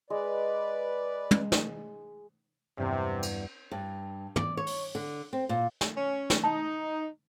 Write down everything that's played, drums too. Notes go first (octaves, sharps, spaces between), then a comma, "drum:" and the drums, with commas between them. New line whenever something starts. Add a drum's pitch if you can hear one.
G#3 B4 D5
drum: tom
drum: snare
E2 G2 C3
drum: cymbal
G2
D5, drum: tom
C#5
drum: open hi-hat
D3
C4
A#2
drum: snare
C#4
drum: snare
D#4 A5